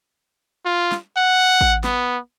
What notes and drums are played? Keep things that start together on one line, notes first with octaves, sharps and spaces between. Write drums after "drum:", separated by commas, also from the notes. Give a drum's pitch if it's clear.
F4
drum: snare
F#5
drum: kick A1
B3, drum: snare